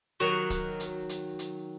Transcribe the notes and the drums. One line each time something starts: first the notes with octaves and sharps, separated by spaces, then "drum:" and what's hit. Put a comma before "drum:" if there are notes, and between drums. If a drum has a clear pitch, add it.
D#3 F#3 F#4 A#4 D#5
drum: kick, hi-hat
drum: hi-hat
drum: hi-hat
drum: hi-hat